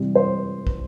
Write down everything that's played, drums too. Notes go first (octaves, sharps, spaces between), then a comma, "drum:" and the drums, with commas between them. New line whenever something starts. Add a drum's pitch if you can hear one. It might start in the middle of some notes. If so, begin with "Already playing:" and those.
Already playing: C3 E3 G3
C5
drum: kick